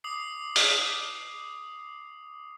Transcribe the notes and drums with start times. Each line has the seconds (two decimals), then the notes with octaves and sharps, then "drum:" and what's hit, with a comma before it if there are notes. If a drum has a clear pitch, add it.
0.04 D6 D#6 C7
0.56 drum: open hi-hat